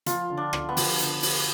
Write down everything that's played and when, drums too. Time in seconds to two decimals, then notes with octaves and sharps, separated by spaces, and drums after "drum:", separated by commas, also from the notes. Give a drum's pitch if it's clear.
0.06 F3 F4, drum: hi-hat
0.30 D3
0.37 D4
0.53 D3, drum: rim click
0.69 B3
0.77 F3, drum: open hi-hat
0.99 D3, drum: hi-hat
1.23 drum: open hi-hat